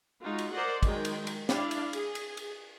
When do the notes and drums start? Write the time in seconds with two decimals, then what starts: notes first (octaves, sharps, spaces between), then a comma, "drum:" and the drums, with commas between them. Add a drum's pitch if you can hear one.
0.21 G#3 D#4 F4 F#4
0.39 drum: cymbal
0.52 A#4 C5 D5 D#5 F#5 C6
0.83 D#3 F#3 G#3 G5, drum: kick, cymbal
1.05 drum: cymbal
1.27 drum: cymbal
1.49 D4 E4 D5 F5, drum: snare
1.71 drum: cymbal
1.93 G#4, drum: cymbal
2.15 drum: cymbal
2.37 drum: cymbal